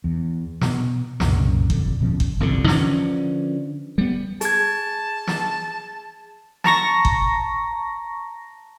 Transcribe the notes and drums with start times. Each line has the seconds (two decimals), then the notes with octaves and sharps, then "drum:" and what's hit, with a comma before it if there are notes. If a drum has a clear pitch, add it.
0.04 E2
0.61 B2 B3, drum: snare
1.20 C2 F#2 A#2 C#3, drum: snare
1.70 D#1 F2 D3, drum: kick G1
2.01 D#1 B2 F3 C#4
2.20 drum: kick G1
2.40 G1 C2 F2 D3
2.68 D3 E3 F3 C#4, drum: snare
3.98 G3 B3
4.41 G#4 A5 G#6, drum: hi-hat
5.27 drum: snare
6.64 A5 A#5 C#6 A#6, drum: snare
7.05 drum: kick G1